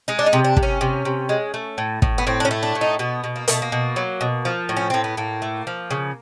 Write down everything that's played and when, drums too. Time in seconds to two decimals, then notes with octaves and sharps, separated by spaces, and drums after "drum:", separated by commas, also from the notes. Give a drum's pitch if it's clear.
0.08 G#3 D#4
0.19 D4
0.26 D#4
0.33 C3
0.44 D4
0.57 C3, drum: kick
0.63 C#4
0.81 C3
1.05 C3
1.29 G#3
1.54 A3
1.78 A2
2.02 A2, drum: kick
2.18 B3
2.27 A2 C4
2.40 D4
2.45 C#4
2.51 A3
2.63 D4
2.75 A2
2.81 D#4
2.99 B2 B3
3.24 B2
3.36 A#3
3.48 B2 A3, drum: hi-hat
3.62 A#3
3.72 B2
3.96 F#3
4.21 B2
4.45 F3
4.69 A2
4.77 C#4
4.90 A2 C4
5.04 B3
5.17 A2 A#3
5.42 A3
5.67 F3
5.91 C#3